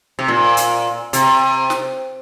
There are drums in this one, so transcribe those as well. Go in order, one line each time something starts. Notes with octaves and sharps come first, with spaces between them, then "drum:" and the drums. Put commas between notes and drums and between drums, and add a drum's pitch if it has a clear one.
C3
A#2
drum: hi-hat
C3, drum: hi-hat
drum: snare